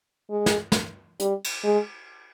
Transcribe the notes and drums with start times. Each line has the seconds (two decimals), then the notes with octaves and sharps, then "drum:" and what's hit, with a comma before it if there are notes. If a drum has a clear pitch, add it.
0.30 G#3
0.46 drum: snare
0.72 drum: snare
1.19 G3, drum: hi-hat
1.44 drum: cymbal
1.64 G#3